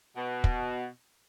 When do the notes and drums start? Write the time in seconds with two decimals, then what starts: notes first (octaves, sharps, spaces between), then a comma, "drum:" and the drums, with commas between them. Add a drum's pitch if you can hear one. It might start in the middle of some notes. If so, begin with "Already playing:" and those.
0.15 B2
0.44 drum: kick